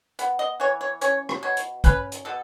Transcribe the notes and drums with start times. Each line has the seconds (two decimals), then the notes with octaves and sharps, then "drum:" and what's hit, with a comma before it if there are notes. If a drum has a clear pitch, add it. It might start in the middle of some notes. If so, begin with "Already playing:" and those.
0.19 B3, drum: hi-hat
0.39 D#5
0.60 E3 C#5
0.81 C#5
1.01 C#4 C#5, drum: hi-hat
1.29 drum: rim click
1.43 B2 C#5
1.57 drum: hi-hat
1.84 C#4 B4, drum: kick, hi-hat
2.12 drum: hi-hat
2.25 B2 A4